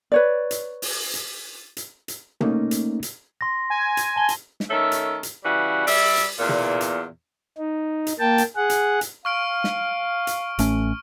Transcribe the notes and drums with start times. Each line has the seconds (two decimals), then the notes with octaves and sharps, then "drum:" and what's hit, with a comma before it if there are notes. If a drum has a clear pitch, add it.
0.12 B4 C#5 D5
0.51 drum: hi-hat
0.82 drum: open hi-hat
1.14 drum: hi-hat
1.77 drum: hi-hat
2.08 drum: hi-hat
2.41 A3 A#3 C#4 D#4, drum: tom
2.71 drum: hi-hat
3.03 drum: hi-hat
3.41 C6 A#6
3.70 G#5
3.97 drum: hi-hat
4.16 A5 G7
4.29 drum: hi-hat
4.60 drum: snare
4.70 D#3 A3 C#4 A4
4.92 drum: hi-hat
5.23 drum: hi-hat
5.44 C#3 E3 G3 F#4
5.87 G3 D5 E5, drum: open hi-hat
6.18 drum: hi-hat
6.39 E2 A#2
6.49 drum: tom
6.81 drum: hi-hat
7.58 D#4
8.07 drum: hi-hat
8.20 A#3 G5 A5
8.38 drum: hi-hat
8.56 G#4 F#5
8.70 drum: hi-hat
9.01 drum: hi-hat
9.25 F5 C#6 F6 D7
9.64 drum: snare
10.27 drum: hi-hat
10.59 A1 A3 C#4, drum: hi-hat